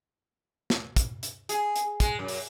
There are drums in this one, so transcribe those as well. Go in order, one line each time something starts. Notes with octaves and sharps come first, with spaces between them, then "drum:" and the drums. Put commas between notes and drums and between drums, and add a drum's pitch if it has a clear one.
drum: snare
drum: kick, hi-hat
drum: hi-hat
G#4, drum: hi-hat
drum: hi-hat
G#3, drum: kick, hi-hat
F#2
drum: open hi-hat